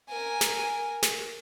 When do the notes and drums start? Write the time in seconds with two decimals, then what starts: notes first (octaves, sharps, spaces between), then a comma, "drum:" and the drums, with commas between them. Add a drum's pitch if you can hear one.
0.10 A#4 G#5
0.41 drum: snare
1.03 drum: snare